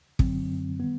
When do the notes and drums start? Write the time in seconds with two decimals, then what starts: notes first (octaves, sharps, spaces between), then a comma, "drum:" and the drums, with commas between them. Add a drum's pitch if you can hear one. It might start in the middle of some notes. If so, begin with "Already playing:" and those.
0.19 F#2 D3 F#3 C4, drum: kick
0.50 F#2 D3 F#3
0.80 D#3 G3 B3